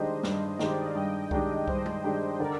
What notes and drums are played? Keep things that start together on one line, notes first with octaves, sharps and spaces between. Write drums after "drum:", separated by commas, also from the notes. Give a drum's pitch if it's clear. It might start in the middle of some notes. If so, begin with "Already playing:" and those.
Already playing: D#3 G#3 D4 G4 C5 D#5
G2, drum: snare
D#3 G#3 D4 G4, drum: snare
D5
D#5
F5
G2 D#5 G5
D#3 G#3 D4 G4, drum: kick C2
G2 C5 D#5, drum: kick C2
drum: tom G#3
D#3 G#3 D4 G4
D3 A#4 D5